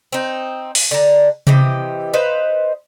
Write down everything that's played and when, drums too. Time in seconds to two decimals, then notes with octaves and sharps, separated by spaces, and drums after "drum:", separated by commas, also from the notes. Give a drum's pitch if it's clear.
0.12 C4 D#4
0.75 drum: open hi-hat
0.91 D3 A#5
1.47 C3 E3 G4 D#5, drum: tom C3
2.13 D#4 B4 C5 F5